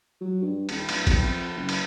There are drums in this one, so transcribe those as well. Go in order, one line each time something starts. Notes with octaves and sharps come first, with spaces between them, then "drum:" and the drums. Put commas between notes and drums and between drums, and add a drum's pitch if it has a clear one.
F#3
G2
D#1, drum: cymbal
D1, drum: cymbal
B1, drum: kick, cymbal
F2
F#1
drum: cymbal